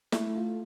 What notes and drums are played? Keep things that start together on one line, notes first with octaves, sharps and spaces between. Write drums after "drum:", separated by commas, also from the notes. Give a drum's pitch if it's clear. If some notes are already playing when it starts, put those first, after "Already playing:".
A3 E4, drum: snare
F4